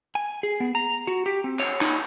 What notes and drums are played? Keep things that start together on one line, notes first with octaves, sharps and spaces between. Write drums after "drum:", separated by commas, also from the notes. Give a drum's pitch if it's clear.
G#5
G#4
B3
A#5
F#4
G4
C4
C#5, drum: clap
D#4, drum: clap